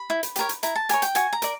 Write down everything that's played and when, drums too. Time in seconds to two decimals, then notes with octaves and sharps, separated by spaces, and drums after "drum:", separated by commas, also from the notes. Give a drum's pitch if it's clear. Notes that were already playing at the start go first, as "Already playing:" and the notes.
Already playing: B5
0.10 E4
0.23 drum: hi-hat
0.36 G4 A#4 C#5, drum: hi-hat
0.49 drum: hi-hat
0.63 E4 A#5, drum: hi-hat
0.76 A5
0.89 G4 A#4 C#5 G#5, drum: hi-hat
1.02 G5, drum: hi-hat
1.15 F#4 G#5, drum: hi-hat
1.33 A#5
1.42 A#4 D5, drum: hi-hat